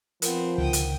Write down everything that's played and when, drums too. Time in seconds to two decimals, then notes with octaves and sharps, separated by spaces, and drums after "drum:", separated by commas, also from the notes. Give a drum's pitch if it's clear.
0.22 F3 B3 C4 A#4 F#5, drum: hi-hat
0.58 C#2 D3 D#3 G5 D#6
0.73 drum: hi-hat